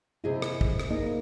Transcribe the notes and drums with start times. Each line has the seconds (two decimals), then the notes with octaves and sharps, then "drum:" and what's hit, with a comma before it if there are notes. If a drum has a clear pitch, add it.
0.24 C3 E4 G#4 D#5
0.42 drum: rim click
0.61 drum: kick
0.80 drum: rim click
0.90 A#3 D#4 D#5